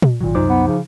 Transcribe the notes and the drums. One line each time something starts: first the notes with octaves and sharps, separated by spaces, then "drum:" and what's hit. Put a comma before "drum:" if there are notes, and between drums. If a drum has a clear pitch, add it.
drum: tom A#2
G#1 A#2 D#3 F#3
C2 F#2 F#3 D#4 C5 D6
B3
C#3 F3